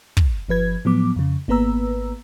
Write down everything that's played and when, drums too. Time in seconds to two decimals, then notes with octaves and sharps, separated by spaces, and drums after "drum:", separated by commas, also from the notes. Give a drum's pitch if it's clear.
0.17 drum: kick
0.49 G1 F3 B4 G#6
0.85 A2 F3 F#3 B3 D6
1.16 F2 C#3
1.48 G#1 A#3 B3 B4 A#5 E6